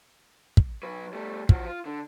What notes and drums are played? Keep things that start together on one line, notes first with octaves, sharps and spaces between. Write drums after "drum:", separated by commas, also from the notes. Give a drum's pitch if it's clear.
drum: kick
F#3 B4
G3 A3
F3 F#4, drum: kick
F4
D3